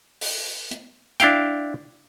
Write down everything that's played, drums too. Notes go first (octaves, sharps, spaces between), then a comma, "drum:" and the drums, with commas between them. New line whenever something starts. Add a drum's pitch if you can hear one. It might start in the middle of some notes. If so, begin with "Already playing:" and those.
drum: open hi-hat
drum: hi-hat
D4 E4 F5 G5, drum: hi-hat